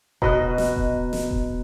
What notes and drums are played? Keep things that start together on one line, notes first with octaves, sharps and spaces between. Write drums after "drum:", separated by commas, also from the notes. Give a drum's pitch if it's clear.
B2 D#5 A#5 F#6, drum: kick D#1
drum: snare
drum: kick D#1
drum: snare
drum: kick D#1